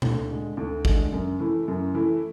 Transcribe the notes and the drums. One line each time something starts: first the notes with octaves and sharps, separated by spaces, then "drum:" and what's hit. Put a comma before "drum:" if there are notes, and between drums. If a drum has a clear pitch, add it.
D2, drum: tom A#2
D3 G#3
D2
D3 G#3, drum: kick G#1
F#2
E3 A3 E4
F#2
E3 A3 E4